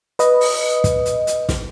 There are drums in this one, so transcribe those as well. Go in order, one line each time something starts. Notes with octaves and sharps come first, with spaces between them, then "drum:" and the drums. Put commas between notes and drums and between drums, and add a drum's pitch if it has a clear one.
B4 D#5, drum: hi-hat
drum: open hi-hat
drum: kick, hi-hat
drum: hi-hat
drum: hi-hat
drum: snare